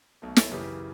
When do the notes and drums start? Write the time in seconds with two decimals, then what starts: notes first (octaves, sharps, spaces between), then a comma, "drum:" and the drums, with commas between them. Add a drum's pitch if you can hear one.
0.22 B1 B2 A3
0.36 A4 C#5, drum: snare
0.51 F#2 C#3 E3 G4 B4